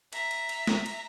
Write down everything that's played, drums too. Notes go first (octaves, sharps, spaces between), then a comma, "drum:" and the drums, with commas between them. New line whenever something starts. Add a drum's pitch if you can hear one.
E5 A#5, drum: cymbal
drum: cymbal
drum: cymbal
drum: snare
drum: cymbal